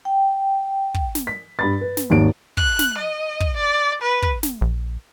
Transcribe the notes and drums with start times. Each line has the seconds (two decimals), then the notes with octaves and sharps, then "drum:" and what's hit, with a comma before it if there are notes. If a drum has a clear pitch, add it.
0.05 G5
0.94 drum: kick
1.15 drum: snare
1.27 B6
1.59 G2 B5 A6
1.81 B4
1.97 drum: snare
2.10 G#1 D#2 D7
2.57 F#6, drum: kick
2.79 drum: snare
2.98 D#5
3.40 drum: kick
3.57 D5
4.02 B4
4.22 drum: kick
4.43 drum: snare
4.61 A#1